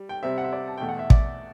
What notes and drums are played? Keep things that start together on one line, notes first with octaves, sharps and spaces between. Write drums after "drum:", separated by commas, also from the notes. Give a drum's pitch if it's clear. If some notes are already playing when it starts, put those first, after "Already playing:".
Already playing: G3
G5
C3 G3 C4 E5
F#5
E5
D5
A5
E2 B2 A3 G5
F#5
E5
D5, drum: kick